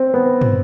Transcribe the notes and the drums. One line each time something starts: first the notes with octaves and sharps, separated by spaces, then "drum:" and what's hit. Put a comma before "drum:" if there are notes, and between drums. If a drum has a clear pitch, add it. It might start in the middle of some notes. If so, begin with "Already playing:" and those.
Already playing: C4
B3
drum: tom